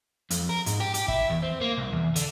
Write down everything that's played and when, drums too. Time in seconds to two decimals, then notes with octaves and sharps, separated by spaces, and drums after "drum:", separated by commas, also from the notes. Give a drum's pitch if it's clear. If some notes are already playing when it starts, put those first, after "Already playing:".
0.30 F2, drum: hi-hat
0.49 A#4
0.66 G#2, drum: hi-hat
0.80 G4
0.94 G4, drum: hi-hat
1.08 E4, drum: kick
1.30 E2
1.43 C4
1.61 A#3
1.78 C2
1.93 E2
2.16 D3, drum: hi-hat